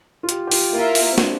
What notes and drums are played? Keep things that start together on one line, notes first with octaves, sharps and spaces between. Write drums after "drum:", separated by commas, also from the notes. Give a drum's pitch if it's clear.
F4
G4, drum: hi-hat
G4
F4, drum: open hi-hat
A#3 E4 F4 A#4 E5
drum: open hi-hat
C4
D4, drum: snare